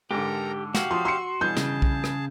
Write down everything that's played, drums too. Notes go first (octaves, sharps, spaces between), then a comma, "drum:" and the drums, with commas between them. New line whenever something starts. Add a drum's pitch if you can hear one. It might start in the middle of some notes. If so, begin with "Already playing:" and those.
G#2 D3 G4 A4 A#4 A#5
F#4 G4 F5, drum: snare
F3 F4 C6 D#6
C6 E6 C7 C#7
G2 B2 E3 G#4 A5 G6
C#3, drum: snare
drum: kick B1
drum: rim click